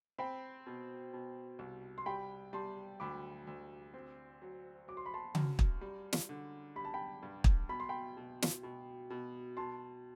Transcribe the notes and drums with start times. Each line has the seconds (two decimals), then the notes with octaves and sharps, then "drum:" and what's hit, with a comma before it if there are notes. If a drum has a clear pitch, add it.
0.18 C4 G5 B5
0.66 B2
1.13 B2
1.59 C2
1.98 C6
2.06 G3 G5 B5
2.53 G3 A5 C6
3.00 D2 B5 D6
3.47 D2
3.94 C4
4.42 F#3
4.88 F#3 D6
4.97 C6
5.06 B5
5.14 A5 C6
5.35 F#2, drum: tom C#3
5.59 drum: kick
5.81 G3
6.13 drum: snare
6.29 D3
6.76 G3 B5
6.85 A5
6.94 G5 B5
7.23 G2
7.44 drum: kick
7.69 B2 B5
7.80 C6
7.89 G5 B5
8.17 B2
8.43 drum: snare
8.63 B2
9.10 B2
9.57 B2 A5 C6